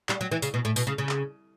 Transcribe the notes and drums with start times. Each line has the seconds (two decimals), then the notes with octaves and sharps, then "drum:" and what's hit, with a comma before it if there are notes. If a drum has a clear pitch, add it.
0.09 G3, drum: clap
0.21 F#3
0.31 E3
0.42 C#3, drum: tambourine
0.54 B2
0.65 A2
0.76 B2, drum: tambourine
0.87 C#3
0.98 C#3
1.09 drum: clap